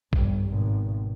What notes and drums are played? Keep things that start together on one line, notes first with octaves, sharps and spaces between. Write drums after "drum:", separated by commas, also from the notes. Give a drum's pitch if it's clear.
G1 G2, drum: kick A#1
G#1 B2